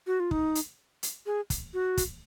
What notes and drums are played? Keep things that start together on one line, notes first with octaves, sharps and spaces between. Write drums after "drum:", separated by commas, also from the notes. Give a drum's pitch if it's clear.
F#4
F4
D#4, drum: kick
drum: hi-hat
drum: hi-hat
G#4
drum: kick, hi-hat
F#4
drum: kick, hi-hat